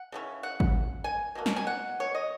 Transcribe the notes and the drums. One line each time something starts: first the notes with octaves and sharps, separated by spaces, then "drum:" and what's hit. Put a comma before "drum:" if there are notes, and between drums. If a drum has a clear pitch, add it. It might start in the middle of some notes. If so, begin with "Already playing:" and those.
Already playing: F#5
C#3 G#3 C#4 E4
F#5
drum: kick G#1
G#5
B2 F#3 A#3
drum: snare
G#5
F#5
C#5
D#5